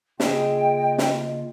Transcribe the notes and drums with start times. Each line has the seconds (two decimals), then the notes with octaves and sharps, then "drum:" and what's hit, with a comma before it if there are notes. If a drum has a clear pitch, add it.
0.20 C#3 G#3 A#3 F4 D#5 E5 G5, drum: snare
0.98 drum: snare